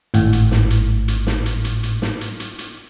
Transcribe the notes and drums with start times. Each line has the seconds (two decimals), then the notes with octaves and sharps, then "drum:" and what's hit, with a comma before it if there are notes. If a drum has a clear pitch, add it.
0.14 G#1 A2, drum: hi-hat
0.33 drum: hi-hat
0.51 drum: snare
0.70 drum: hi-hat
1.08 drum: hi-hat
1.27 drum: snare
1.46 drum: hi-hat
1.64 drum: hi-hat
1.83 drum: hi-hat
2.02 drum: snare
2.21 drum: hi-hat
2.40 drum: hi-hat
2.58 drum: hi-hat